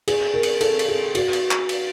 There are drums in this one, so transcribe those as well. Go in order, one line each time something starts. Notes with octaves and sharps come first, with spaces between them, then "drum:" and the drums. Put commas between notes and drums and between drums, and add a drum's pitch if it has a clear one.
G#4, drum: cymbal
A#4
drum: cymbal
A4, drum: cymbal
drum: cymbal
G#4
F#4, drum: cymbal
drum: cymbal
drum: clap
drum: cymbal